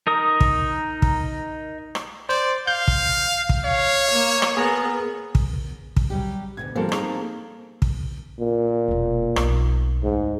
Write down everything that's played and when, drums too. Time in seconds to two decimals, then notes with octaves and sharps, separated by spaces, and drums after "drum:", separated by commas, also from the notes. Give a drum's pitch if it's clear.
0.07 D#4 A#4 D#6
0.40 drum: kick
1.02 drum: kick
1.95 drum: rim click
2.29 C5 D5
2.67 F5 G6
2.88 drum: kick
3.49 drum: kick
3.65 C#5 F5
4.11 A#3
4.42 drum: rim click
4.57 B3 G#4 A#4 A#5
5.35 drum: kick
5.96 drum: kick
6.10 F#3 G3 G4
6.57 D2 G#2 B2 G#6
6.76 F3 G3 A#3 C4 A4 A#4
6.92 D#4 G#4 A#5, drum: rim click
7.82 drum: kick
8.40 A#2
8.88 E1 A#3
9.36 B1, drum: rim click
10.04 D2 G#2